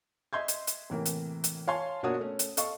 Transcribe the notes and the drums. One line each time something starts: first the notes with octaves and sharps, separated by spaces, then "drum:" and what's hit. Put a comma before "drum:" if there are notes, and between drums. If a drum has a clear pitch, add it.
D#5 E5 C6 G6 G#6
drum: hi-hat
drum: hi-hat
A2 C3 E3 A#3
drum: hi-hat
drum: hi-hat
C#5 F5 G#5 A5 C6
B2 A#3 D4 F#4 C#5 D#6
A3 C#4
drum: hi-hat
A4 D#5 F5 C#6, drum: hi-hat